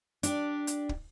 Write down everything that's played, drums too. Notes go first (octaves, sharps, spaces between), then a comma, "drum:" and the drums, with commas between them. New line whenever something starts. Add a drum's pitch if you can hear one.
D4 G4, drum: hi-hat
drum: hi-hat
drum: kick